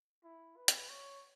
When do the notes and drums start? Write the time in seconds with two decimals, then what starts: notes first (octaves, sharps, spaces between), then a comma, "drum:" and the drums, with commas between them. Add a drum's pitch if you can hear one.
0.24 E4
0.57 B4
0.68 drum: hi-hat
0.89 C#5